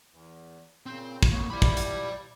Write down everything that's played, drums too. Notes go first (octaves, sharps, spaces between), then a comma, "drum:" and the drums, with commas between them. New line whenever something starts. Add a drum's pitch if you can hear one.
E2
A#2 C#3 C4
drum: kick
A#3 C4 C#5 C#6
F3 E4 G4 D5 B5
drum: kick
drum: hi-hat